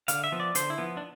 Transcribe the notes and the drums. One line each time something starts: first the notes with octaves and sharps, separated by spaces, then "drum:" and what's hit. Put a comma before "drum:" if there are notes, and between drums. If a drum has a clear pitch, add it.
D3 F5, drum: hi-hat
E5
F3 B3
D5
D3 C5, drum: hi-hat
E4
F3 B3
D4